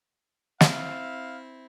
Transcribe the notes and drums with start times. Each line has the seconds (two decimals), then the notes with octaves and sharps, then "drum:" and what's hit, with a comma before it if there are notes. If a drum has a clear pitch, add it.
0.61 C4 E4 E5 F5, drum: snare